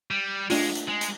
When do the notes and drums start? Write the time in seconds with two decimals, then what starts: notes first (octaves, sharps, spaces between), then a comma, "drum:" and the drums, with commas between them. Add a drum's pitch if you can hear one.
0.11 G3
0.50 G#3 A3 D4 F4, drum: open hi-hat
0.75 drum: hi-hat
0.89 G#3
1.01 drum: hi-hat